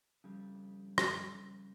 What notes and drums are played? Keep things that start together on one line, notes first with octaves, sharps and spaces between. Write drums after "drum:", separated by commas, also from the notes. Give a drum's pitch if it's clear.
F2 C#3 G3
drum: rim click